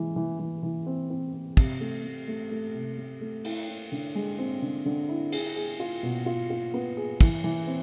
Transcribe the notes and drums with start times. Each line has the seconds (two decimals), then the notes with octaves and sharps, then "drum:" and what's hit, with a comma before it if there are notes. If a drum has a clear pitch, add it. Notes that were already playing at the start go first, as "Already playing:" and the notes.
Already playing: E3 G#3
0.16 E3
0.39 E3
0.63 E3
0.86 C4
1.10 C4
1.33 C4
1.57 C3, drum: kick, cymbal
1.80 A3
2.03 A3
2.28 A3
2.51 A3
2.74 C3
2.97 A3
3.21 A3
3.45 E4, drum: cymbal
3.68 E4
3.92 D3
4.15 G#3
4.39 C4
4.62 D3
4.86 D3
5.09 E4
5.32 G#4, drum: cymbal
5.56 G#4
5.80 F4
6.03 B2
6.26 F4
6.50 F4
6.74 B3
6.97 G#4
7.21 E3, drum: kick, cymbal
7.44 E3
7.67 C4